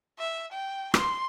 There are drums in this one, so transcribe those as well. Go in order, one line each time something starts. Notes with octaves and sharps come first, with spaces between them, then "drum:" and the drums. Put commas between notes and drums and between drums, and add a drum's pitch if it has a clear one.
E5
G5
C6, drum: rim click